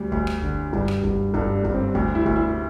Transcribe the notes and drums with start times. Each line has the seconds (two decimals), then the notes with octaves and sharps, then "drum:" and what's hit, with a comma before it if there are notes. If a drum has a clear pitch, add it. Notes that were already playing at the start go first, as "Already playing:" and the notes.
Already playing: D2 G3
0.12 D2, drum: kick
0.27 drum: rim click
0.42 D3, drum: kick
0.73 G2, drum: kick
0.88 drum: rim click
1.04 G2, drum: kick
1.34 G2 A4, drum: kick
1.54 D4
1.64 G2, drum: kick
1.74 C4
1.95 D2 G4, drum: kick
2.15 E4
2.26 D2, drum: kick
2.36 E4